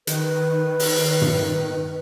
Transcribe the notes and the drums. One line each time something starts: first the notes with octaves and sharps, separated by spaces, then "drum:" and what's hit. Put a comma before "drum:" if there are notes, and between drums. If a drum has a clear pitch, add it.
D#3 B4, drum: hi-hat
drum: open hi-hat
drum: tom G2